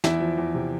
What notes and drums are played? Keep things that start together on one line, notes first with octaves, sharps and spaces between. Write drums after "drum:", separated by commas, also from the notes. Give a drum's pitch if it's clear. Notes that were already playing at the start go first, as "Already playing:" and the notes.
E2 E4 E5, drum: snare
F3
E2
C3